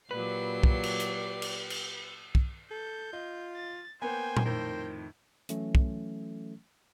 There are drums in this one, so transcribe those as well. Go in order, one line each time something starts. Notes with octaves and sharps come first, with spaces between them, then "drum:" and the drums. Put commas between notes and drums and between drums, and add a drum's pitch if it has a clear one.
A#2 F#3 G4 B4 D5 C7
drum: kick
drum: cymbal
drum: hi-hat
drum: cymbal
drum: cymbal
drum: kick
A4 G6
F4 D#5
A6
A#3 B3 C5 G5 G#5
drum: tom A#2
F2 A2 D#3 A#4
E3 F#3 A3 C#4, drum: hi-hat
drum: kick